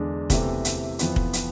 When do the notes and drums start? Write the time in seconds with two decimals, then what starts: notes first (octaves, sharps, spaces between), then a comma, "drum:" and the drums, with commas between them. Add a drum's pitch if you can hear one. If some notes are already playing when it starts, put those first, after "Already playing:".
Already playing: E2 D3 G#3 D4
0.30 E2 C3 E3 A3 E4, drum: kick, hi-hat
0.65 drum: hi-hat
0.99 F2 E3 B3 F4, drum: hi-hat
1.16 drum: kick
1.33 drum: hi-hat